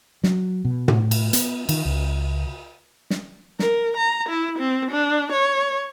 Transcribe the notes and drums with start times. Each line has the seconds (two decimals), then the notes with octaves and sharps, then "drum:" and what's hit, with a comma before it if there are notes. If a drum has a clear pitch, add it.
0.23 F#3, drum: snare
0.65 B2
0.88 A2, drum: tom
1.11 drum: cymbal
1.33 B3, drum: hi-hat
1.69 D#3, drum: cymbal
1.85 C#2
3.10 drum: snare
3.59 A#4, drum: snare
3.97 A#5
4.29 E4
4.59 C4
4.91 D4
5.32 C#5